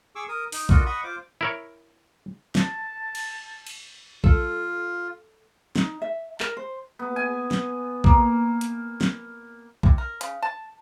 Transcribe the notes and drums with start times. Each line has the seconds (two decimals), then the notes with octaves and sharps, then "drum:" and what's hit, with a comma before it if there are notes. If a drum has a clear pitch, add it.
0.15 G#4 C#6 D6 E6
0.28 A#4 D#6
0.52 D#4, drum: open hi-hat
0.69 D4 F4 F#4 A4 A#4 D#5, drum: kick
0.86 D#5 F#5 B5 C#6 D#6
1.04 F4 C5 D6
1.41 E4 A#4 C#5
2.55 A5, drum: snare
3.15 drum: cymbal
3.67 drum: cymbal
4.24 F4 A4, drum: kick
5.76 D#4, drum: snare
6.02 E5
6.40 A#4, drum: clap
6.57 C5
6.99 B3
7.16 G#5
7.51 drum: snare
8.04 A#3, drum: kick
8.61 drum: hi-hat
9.01 drum: snare
9.83 C3, drum: kick
9.98 A#4
10.21 C#3, drum: hi-hat
10.43 A5